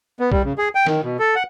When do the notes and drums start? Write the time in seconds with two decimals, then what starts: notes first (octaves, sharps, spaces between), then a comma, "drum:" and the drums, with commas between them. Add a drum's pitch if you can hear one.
0.20 B3
0.32 G3, drum: kick B1
0.44 C#3
0.58 G#4
0.75 G5
0.87 D#3, drum: snare
1.04 B2
1.19 A4
1.35 F#5